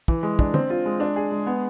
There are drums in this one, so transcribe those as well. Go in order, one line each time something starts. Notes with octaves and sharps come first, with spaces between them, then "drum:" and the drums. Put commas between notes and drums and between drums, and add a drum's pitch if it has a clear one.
E3, drum: kick
G#3
D4, drum: kick
C4, drum: tom
F4
G#3
D4
G#4
G#3
B3